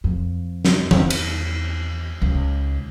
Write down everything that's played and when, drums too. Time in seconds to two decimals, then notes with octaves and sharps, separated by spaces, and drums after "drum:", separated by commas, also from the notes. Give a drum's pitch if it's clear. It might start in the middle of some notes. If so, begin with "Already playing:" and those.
0.04 F2
0.65 drum: snare
0.91 E2, drum: tom E3
1.10 drum: cymbal
2.22 C#2